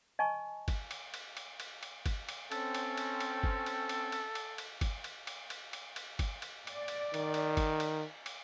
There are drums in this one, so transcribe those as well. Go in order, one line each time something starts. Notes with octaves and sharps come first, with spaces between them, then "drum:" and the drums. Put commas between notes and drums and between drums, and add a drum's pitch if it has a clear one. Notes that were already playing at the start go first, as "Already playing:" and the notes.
D#5 G#5 A5 C#6
drum: kick G1, cymbal
drum: cymbal
drum: cymbal
drum: cymbal
drum: cymbal
drum: cymbal
drum: kick G1, cymbal
drum: cymbal
C4 C#4 A4, drum: cymbal
drum: cymbal
drum: cymbal
drum: cymbal
drum: kick G1
drum: cymbal
drum: cymbal
drum: cymbal
drum: cymbal
drum: cymbal
drum: kick G1, cymbal
drum: cymbal
drum: cymbal
drum: cymbal
drum: cymbal
drum: cymbal
drum: kick G1, cymbal
drum: cymbal
D5, drum: cymbal
drum: cymbal
D#3, drum: cymbal
drum: cymbal
drum: kick G1, cymbal
drum: cymbal
drum: cymbal